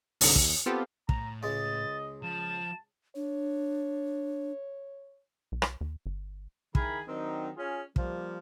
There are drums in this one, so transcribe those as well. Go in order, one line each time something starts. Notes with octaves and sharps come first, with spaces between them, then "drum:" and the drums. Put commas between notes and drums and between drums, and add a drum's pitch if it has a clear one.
C2 G#2 D3, drum: open hi-hat
D#2, drum: kick
B3 C4 F4 G4 A4
A2 A#5, drum: kick
C#2 G#3 D#5 A6
F3 A5 E7
D4 C#5
B1
drum: rim click
D#2
G1
D#3 E4 G#4 A#4 A#5 B5, drum: kick
D#3 F#3 C4 D4 D#4
C#4 F4 G#4
F3 G3 A#3, drum: kick